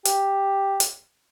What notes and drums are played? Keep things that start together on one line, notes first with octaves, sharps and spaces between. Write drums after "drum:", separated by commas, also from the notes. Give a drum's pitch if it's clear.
G4, drum: hi-hat
drum: hi-hat